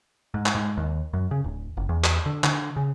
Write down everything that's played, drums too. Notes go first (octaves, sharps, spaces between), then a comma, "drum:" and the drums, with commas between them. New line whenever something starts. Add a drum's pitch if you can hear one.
G#2
drum: clap
G#2
D#2
F#2
C#3
D1
F#1
E2
drum: clap
D3
D3, drum: clap
C#3